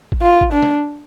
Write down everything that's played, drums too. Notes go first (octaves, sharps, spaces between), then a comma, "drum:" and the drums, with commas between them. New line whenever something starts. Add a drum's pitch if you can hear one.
drum: kick G#1
F4
drum: kick G#1
D4
drum: snare